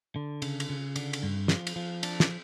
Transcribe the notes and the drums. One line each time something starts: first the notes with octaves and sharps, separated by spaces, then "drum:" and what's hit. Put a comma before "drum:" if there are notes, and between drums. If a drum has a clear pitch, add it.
D3
C#3, drum: cymbal
drum: cymbal
C#3
D3, drum: cymbal
drum: cymbal
G2
F3, drum: snare
drum: cymbal
F3
D4, drum: cymbal
drum: snare